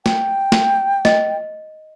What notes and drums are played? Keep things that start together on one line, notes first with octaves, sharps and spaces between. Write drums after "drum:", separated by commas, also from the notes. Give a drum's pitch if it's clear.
G5, drum: snare
drum: snare
D#5, drum: snare